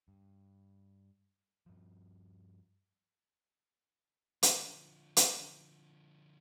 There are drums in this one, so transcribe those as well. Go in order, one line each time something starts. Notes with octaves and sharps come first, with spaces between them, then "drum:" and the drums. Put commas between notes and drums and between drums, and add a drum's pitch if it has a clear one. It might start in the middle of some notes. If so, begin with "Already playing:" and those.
G2
G2 F3
D3 F3, drum: hi-hat
drum: hi-hat